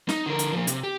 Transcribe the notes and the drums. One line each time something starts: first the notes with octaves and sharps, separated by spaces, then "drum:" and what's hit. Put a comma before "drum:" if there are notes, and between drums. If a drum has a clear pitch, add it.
D#4, drum: snare
D3 A#4
drum: hi-hat
F3 A#3
C3, drum: hi-hat
G4